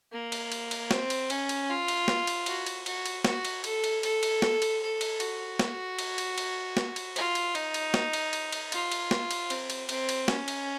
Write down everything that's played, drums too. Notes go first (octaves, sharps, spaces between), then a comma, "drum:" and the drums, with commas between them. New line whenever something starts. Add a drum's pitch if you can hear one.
A#3
drum: cymbal
drum: cymbal
drum: cymbal
C4, drum: snare
drum: cymbal
C#4, drum: cymbal
drum: cymbal
F4
drum: cymbal
drum: snare
drum: cymbal
F#4, drum: cymbal
drum: cymbal
F#4, drum: cymbal
drum: cymbal
F#4, drum: snare
drum: cymbal
A4, drum: cymbal
drum: cymbal
A4, drum: cymbal
drum: cymbal
drum: snare
drum: cymbal
A4
drum: cymbal
F#4, drum: cymbal
drum: snare
drum: cymbal
drum: cymbal
drum: cymbal
drum: snare
drum: cymbal
F4, drum: cymbal
drum: cymbal
D#4, drum: cymbal
drum: cymbal
drum: snare
drum: cymbal
drum: cymbal
drum: cymbal
F4, drum: cymbal
drum: cymbal
drum: snare
drum: cymbal
C4, drum: cymbal
drum: cymbal
C4, drum: cymbal
drum: cymbal
C#4, drum: snare
drum: cymbal